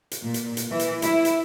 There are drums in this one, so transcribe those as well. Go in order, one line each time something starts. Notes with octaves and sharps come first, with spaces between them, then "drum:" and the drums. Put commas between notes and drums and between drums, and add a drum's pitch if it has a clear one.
drum: hi-hat
A#2
drum: hi-hat
drum: hi-hat
E3
drum: hi-hat
E4, drum: hi-hat
drum: hi-hat